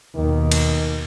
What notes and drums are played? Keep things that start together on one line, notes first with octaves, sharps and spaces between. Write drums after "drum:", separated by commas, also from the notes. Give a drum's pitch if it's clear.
D#2 B2 D#3
drum: cymbal